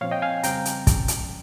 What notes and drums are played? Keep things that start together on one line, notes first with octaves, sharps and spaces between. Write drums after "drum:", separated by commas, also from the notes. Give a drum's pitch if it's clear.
A#2 F3 C4 C#5 F5
D#5 G5
F5 G#5
F2 C#3 G3 C4 G5 A#5, drum: hi-hat
drum: hi-hat
A#2 F3 G#3 C#4, drum: kick, hi-hat
drum: hi-hat